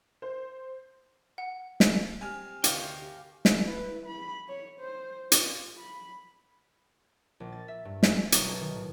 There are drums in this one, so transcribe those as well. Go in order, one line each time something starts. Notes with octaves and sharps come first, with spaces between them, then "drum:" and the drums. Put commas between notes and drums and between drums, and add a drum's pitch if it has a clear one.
C5
F#5
drum: snare
C4 G4 G#5 F6
D2 C3 D#3 G4 F5 G5, drum: hi-hat
drum: snare
E4 B4
B5
C#5
C5
F4, drum: hi-hat
B5
A#1
A6
E5
G2
G#5, drum: snare
E5
B1, drum: hi-hat
A4
D#3
A2